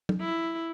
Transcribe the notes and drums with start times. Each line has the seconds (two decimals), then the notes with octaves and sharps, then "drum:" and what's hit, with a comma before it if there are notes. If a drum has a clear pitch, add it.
0.09 drum: tom
0.20 E4